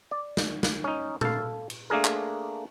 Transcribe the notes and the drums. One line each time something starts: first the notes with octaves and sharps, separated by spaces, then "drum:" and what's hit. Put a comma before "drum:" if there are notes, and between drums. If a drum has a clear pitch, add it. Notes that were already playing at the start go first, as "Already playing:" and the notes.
D5
drum: snare
drum: snare
C#4 D#4
A4 F5, drum: tom A#2
drum: cymbal
A3 A#3 D4 G#4 A#4
drum: clap